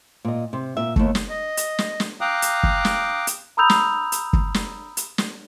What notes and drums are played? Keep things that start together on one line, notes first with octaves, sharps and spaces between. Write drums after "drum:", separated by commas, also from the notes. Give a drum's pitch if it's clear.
A#2 D#5
C3
A#2 E5
D#2 A3, drum: kick
drum: snare
D#5
drum: hi-hat
drum: snare
drum: snare
F5 G5 A#5 D6 D#6 F#6
drum: hi-hat
drum: kick
drum: snare
drum: hi-hat
A#5 B5 D#6 E6 G6 F7
drum: snare
drum: hi-hat
drum: kick
drum: snare
drum: hi-hat
drum: snare